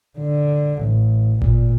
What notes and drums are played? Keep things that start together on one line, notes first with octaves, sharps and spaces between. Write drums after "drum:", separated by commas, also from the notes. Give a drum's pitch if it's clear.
D3
A1
A#2, drum: kick G#1